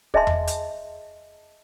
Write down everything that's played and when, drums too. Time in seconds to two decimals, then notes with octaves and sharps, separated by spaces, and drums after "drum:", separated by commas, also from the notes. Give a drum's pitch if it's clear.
0.14 G#4 D#5 E5 G#5 A5 C6, drum: kick
0.27 drum: tom E2
0.47 drum: hi-hat